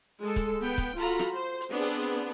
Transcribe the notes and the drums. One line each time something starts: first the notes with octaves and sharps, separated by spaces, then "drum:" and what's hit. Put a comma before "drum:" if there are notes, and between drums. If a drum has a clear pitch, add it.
G#3 A4
drum: kick, hi-hat
B3 G5
drum: kick, hi-hat
F4 F#4 A4 A#5 B5, drum: hi-hat
drum: snare
C5
drum: hi-hat
B3 C4 D4 G#4
drum: open hi-hat
drum: hi-hat